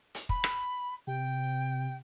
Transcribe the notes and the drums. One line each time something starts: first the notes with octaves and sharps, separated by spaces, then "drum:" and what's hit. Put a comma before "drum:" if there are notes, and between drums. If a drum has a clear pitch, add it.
drum: hi-hat
B5, drum: kick
drum: rim click
C3 G5